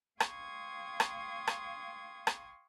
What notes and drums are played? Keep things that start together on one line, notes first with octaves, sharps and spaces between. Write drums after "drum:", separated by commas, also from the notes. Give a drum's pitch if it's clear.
F5 G5 C6 C#6 D#6 G#6, drum: rim click
drum: rim click
drum: rim click
drum: rim click